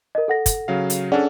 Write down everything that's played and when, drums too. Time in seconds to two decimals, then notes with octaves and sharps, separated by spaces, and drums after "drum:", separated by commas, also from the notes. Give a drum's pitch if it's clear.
0.15 A#4 D#5
0.28 A4 F#5 A#6
0.46 drum: kick, hi-hat
0.68 C#3 F#3 F5
0.90 drum: hi-hat
1.12 C#4 D4 G#4 A4 D5 F#5